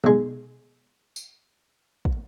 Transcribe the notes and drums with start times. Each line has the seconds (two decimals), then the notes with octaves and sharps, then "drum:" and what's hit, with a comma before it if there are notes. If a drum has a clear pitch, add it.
0.04 B1 G#3, drum: tom B2
1.16 drum: tambourine
2.05 drum: kick